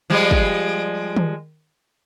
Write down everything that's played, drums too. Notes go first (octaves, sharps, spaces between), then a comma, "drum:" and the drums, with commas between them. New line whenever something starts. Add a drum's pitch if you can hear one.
F3 G3 G#3
drum: kick
drum: tom D#3